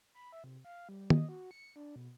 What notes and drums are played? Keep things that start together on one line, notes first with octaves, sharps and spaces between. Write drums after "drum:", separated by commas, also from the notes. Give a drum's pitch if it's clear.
B5
E5
C3
F5
G3
D#5, drum: tom D#3
F#4
C#7
D4
B2